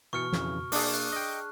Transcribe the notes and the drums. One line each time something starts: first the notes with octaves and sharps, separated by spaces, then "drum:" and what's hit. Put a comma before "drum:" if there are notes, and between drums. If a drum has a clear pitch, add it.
B2 E3 C#6 F6 C#7
F2 C#3 E3, drum: snare
A#3 D4 G#4 D5, drum: open hi-hat
F#6
D#5 G5